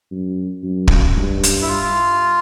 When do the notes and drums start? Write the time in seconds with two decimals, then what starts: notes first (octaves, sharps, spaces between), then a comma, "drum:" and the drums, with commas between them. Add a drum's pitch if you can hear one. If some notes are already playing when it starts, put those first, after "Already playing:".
0.11 F#2
0.63 F#2
0.88 drum: kick
1.17 G2
1.43 drum: hi-hat
1.62 E4
1.68 F4